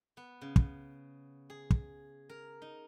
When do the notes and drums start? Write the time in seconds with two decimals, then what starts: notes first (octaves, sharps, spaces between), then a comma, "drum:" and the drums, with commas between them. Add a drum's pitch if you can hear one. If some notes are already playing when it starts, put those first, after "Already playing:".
0.17 B3
0.41 C#3
0.56 drum: kick
1.50 G#4
1.70 drum: kick
2.29 A#4
2.62 D#4